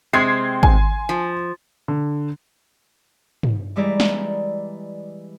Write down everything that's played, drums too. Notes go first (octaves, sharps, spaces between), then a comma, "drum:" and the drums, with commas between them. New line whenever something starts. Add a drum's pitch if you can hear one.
C3 G#3 C4 C6 G#6 C7
G#5, drum: kick G#1
F3
D3
drum: tom
E3 G3 G#3 E4 D5 A#5
drum: snare